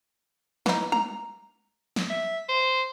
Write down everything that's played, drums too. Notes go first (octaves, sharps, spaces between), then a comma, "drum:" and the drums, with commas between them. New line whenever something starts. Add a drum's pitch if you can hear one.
E3 D#4, drum: snare
A#5, drum: tom G3
drum: snare
E5
C5